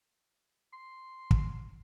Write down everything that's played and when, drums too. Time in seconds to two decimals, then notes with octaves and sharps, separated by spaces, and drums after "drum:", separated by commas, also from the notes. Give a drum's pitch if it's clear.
0.73 C6
1.31 drum: kick